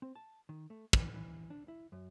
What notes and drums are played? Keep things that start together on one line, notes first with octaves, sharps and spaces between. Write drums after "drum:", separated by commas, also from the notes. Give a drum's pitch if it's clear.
C4
A5
D#3
A3
E3, drum: kick
E3
D4
E4
F#2